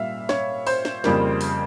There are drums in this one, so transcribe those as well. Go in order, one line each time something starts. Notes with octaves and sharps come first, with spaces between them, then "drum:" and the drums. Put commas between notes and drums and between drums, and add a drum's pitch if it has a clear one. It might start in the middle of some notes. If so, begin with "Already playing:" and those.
Already playing: A#2 G3 E5 F5
C#5, drum: snare
C5, drum: open hi-hat
drum: snare
F2 C#3 G3 A#3, drum: snare
drum: open hi-hat